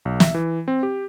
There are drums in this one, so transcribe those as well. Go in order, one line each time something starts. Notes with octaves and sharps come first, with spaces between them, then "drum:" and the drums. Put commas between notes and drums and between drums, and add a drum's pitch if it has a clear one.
B1
E5, drum: snare
E3
C4
G4